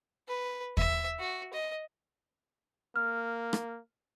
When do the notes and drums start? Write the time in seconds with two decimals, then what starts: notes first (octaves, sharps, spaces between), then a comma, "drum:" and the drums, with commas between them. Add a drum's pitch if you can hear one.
0.28 B4
0.77 E5, drum: kick
1.19 F#4
1.53 D#5
2.96 A#3 F6
3.53 drum: rim click